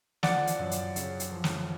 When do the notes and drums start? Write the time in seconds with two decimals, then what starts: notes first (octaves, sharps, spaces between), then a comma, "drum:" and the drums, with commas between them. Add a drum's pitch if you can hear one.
0.23 F3 D5 F#5, drum: snare
0.47 drum: hi-hat
0.59 F#2
0.71 drum: hi-hat
0.96 C#3, drum: hi-hat
1.20 drum: hi-hat
1.32 F3
1.44 drum: snare